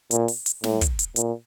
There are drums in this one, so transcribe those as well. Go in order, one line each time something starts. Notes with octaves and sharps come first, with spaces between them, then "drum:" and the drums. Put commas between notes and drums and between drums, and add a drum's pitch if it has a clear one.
A#2, drum: hi-hat
drum: open hi-hat
drum: hi-hat
A2, drum: snare
drum: kick, hi-hat
drum: hi-hat
A#2, drum: hi-hat